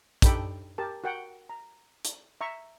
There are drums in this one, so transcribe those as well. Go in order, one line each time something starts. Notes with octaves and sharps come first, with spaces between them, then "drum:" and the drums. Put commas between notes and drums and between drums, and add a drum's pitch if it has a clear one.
D4 D#4 G4 A4 G5 B5, drum: kick, hi-hat
G4 A#4 A5
F#4 A#4 F#5 G5
A#5
drum: hi-hat
E5 A#5 C#6